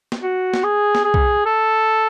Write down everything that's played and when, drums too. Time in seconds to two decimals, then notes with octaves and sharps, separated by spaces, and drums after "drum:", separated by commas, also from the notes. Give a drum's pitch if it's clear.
0.12 drum: snare
0.22 F#4
0.54 drum: snare
0.64 G#4
0.95 drum: snare
1.05 G#4
1.14 drum: kick
1.45 A4